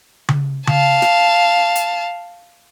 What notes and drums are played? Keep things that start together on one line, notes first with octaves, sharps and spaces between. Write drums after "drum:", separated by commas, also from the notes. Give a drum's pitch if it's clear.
drum: tom C#3
F5 A5, drum: tom C#3
drum: snare
drum: hi-hat